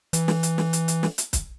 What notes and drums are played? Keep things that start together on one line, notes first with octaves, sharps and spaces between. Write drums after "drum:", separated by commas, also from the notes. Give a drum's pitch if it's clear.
E3, drum: hi-hat
drum: snare
drum: hi-hat
drum: snare
drum: hi-hat
drum: hi-hat
drum: snare
drum: hi-hat
drum: kick, hi-hat